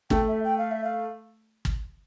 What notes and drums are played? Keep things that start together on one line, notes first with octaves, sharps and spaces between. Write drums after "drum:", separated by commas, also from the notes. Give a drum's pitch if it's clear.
A3 G5, drum: kick
E5
G5
F5
E5
F5
drum: kick